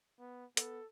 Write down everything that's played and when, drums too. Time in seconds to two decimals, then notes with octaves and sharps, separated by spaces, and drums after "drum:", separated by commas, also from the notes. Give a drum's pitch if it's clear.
0.19 B3
0.57 B3 A4, drum: hi-hat